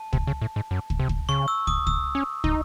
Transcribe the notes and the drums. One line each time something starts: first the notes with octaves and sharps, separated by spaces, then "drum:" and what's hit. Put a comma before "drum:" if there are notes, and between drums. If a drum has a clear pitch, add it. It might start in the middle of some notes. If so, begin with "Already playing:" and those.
Already playing: A5
C3, drum: kick
C#3
A2
G#2
F#2
drum: kick
C3
drum: kick
C#3 C#6
E6
D#6, drum: kick
E6, drum: kick
C#4
D#4, drum: kick